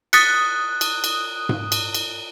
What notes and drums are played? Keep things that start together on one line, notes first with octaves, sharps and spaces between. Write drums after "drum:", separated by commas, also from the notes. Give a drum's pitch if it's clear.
D#6 F#6 A6 B6 C#7, drum: cymbal
drum: cymbal
drum: cymbal
drum: tom G#2
drum: cymbal
drum: cymbal